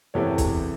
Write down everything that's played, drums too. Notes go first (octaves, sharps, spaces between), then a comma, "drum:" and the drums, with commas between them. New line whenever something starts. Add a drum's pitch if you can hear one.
E2 C3 E3 A4 C#5
drum: kick, hi-hat